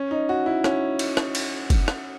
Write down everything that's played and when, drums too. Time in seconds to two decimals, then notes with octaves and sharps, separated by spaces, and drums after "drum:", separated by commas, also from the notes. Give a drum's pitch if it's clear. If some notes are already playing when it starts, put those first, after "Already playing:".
Already playing: C#4
0.11 D#4
0.29 F#4
0.46 E4
0.64 C#4, drum: rim click
0.99 drum: cymbal
1.17 drum: rim click
1.35 drum: cymbal
1.70 drum: kick F#1, cymbal
1.88 drum: rim click